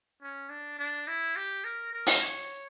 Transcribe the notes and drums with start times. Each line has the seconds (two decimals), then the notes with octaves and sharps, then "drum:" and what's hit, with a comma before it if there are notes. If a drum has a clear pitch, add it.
0.22 C#4
0.50 D4
0.79 D4
1.07 E4
1.36 G4
1.64 A#4
1.93 A#4
2.07 drum: open hi-hat
2.21 C#5